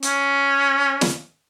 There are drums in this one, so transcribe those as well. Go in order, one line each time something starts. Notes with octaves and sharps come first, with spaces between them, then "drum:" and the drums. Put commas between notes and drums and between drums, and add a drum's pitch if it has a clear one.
C#4, drum: hi-hat
drum: snare